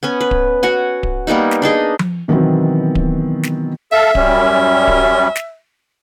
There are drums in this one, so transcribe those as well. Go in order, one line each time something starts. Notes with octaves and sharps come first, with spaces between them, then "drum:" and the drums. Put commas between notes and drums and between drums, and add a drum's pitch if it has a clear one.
B3 C#4 G#5
B4
drum: kick D1
F#4 F#5 G#5
drum: kick D1
G3 A#3 B3 D#4
drum: snare
D4 D#4 G#4 D#5
drum: tom F3
B2 D#3 E3 F#3 B3 C4
drum: kick D1
drum: snare
A4 E5 F5 E6
F#2 G3 C#4, drum: kick D1
drum: kick D1
drum: snare